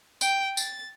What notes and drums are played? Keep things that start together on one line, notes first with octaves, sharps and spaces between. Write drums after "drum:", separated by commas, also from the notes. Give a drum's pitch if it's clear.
G5, drum: tambourine
A6, drum: tambourine